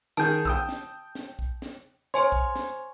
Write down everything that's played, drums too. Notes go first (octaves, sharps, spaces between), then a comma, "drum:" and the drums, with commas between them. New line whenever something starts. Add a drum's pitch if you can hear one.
D#3 G#4 A5 G6
G5 D#6 E6, drum: kick
drum: snare
drum: snare
drum: kick
drum: snare
C5 C#5 G#5 C6
drum: kick
drum: snare